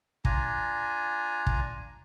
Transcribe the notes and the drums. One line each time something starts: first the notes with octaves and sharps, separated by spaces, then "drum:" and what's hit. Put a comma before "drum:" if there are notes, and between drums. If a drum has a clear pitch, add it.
D4 F4 G#5 A#5, drum: kick
drum: kick